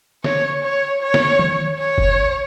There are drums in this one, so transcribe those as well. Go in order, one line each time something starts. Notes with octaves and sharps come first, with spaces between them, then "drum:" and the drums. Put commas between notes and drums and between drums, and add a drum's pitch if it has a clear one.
C#5, drum: snare
C#5
C#5
drum: snare
drum: tom D#3
C#5
drum: kick F#1